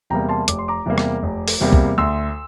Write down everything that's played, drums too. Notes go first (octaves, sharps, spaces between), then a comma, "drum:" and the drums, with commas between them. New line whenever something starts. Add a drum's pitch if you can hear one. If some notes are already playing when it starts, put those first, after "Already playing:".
E2 C3 G3 A#3 G5 A#5
A5 C6
F1 D6, drum: hi-hat
C6
A#5 D6
E2 C3 G3 A#3
drum: rim click
F1
drum: open hi-hat
E2 C3 G3 A#3
drum: kick
D2 C6 E6